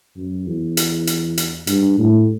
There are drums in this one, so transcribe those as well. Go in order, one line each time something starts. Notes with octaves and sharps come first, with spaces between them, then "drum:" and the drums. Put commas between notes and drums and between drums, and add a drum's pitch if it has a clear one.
F#2
E2
drum: hi-hat
drum: hi-hat
drum: hi-hat
G2, drum: hi-hat
A2